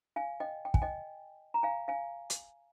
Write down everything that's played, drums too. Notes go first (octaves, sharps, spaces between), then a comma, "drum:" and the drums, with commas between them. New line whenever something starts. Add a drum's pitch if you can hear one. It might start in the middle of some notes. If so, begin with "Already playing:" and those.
F5 G#5
D#5 G5
G5
G#5, drum: kick
D#5 G5
A#5
F5 G#5
F5 G#5
drum: hi-hat